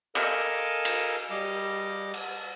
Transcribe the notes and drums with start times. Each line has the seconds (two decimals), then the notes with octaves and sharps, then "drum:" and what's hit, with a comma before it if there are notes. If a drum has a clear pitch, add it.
0.16 A4 A#4 D#5 F5 G#5 A5, drum: clap
0.85 drum: cymbal
1.31 G3 D#5 D6
2.14 drum: cymbal